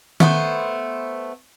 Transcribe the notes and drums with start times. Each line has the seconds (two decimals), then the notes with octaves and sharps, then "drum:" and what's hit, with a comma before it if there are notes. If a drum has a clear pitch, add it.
0.20 A3 B3 C5, drum: tom D#3